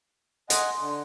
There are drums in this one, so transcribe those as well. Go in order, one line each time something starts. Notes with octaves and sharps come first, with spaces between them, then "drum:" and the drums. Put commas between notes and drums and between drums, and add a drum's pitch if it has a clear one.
D#5 F#5 G#5 C6, drum: hi-hat
D3